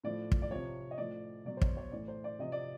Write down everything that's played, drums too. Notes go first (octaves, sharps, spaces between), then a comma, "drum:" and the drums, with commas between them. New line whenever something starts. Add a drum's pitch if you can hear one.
A2 F3 D5
drum: kick
D5
C3 F3 C#5
D#5
A2 F3 D5
B2 F#3 D5
C5
C#5, drum: kick
C#5
A2 E3 D5
C5
D5
C3 F3 D#5
D5